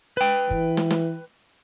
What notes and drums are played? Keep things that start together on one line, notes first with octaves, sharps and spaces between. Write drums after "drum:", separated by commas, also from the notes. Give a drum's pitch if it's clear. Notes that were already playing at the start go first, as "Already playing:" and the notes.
B4 G5
E3, drum: kick
drum: snare
drum: snare